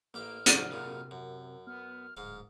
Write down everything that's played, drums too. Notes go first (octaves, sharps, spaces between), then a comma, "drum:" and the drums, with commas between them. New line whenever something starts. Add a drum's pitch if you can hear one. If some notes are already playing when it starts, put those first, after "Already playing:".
A1 A#3 G4 D6 F6
F2 G#2 C3 F#3 C5 D5, drum: hi-hat
F#2 A#2 C#3 A#4
F#2
B3 F6
D1 G#2 F5 F6